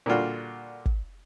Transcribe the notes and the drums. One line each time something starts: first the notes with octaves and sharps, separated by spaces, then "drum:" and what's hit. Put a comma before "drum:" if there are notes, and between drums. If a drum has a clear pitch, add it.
A#2 D3 G3 D4 F4 F#4
drum: kick